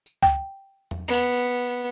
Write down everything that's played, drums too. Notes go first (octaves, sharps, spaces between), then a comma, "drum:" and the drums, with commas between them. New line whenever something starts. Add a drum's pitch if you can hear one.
drum: tambourine
G5, drum: kick C#2
drum: tom E2
B3